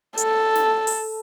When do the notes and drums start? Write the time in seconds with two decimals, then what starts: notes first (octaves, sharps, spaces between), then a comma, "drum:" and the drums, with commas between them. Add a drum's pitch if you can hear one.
0.17 A4, drum: hi-hat
0.55 drum: snare
0.87 drum: open hi-hat